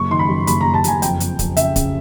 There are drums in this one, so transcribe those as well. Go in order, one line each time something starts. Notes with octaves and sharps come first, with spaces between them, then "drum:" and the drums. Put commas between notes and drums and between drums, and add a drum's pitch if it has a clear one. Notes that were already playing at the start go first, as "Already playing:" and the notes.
Already playing: F#1 C#6
D#3 C6
B5
F#2
F#1 B5, drum: hi-hat
F#1 A#5
A5
F#1 G#5, drum: hi-hat
F2 G5, drum: hi-hat
F2, drum: hi-hat
F2, drum: kick, hi-hat
C#3 E5, drum: hi-hat
C#3, drum: kick, hi-hat